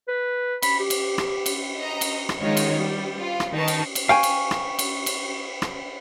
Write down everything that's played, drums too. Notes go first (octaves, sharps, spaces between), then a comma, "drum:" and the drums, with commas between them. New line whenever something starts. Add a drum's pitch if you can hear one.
B4
B5, drum: cymbal
G4
drum: cymbal
drum: rim click
drum: cymbal
D#5 A#5
drum: cymbal
drum: rim click
D#3 G#3 D#4 F4 F#4 C#5
drum: cymbal
G3
F4
drum: rim click
D#3 D#4 B4 A5 C#6
drum: cymbal
drum: cymbal
F5 G5 G#5 C#6
drum: cymbal
drum: rim click
drum: cymbal
drum: cymbal
drum: rim click